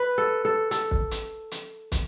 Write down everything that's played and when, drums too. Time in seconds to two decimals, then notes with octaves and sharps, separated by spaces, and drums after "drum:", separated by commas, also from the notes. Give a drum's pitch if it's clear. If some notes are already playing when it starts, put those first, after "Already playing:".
Already playing: B4
0.18 A4
0.45 A4
0.71 A4, drum: hi-hat
0.91 drum: kick
1.11 drum: hi-hat
1.51 drum: hi-hat
1.92 drum: kick, hi-hat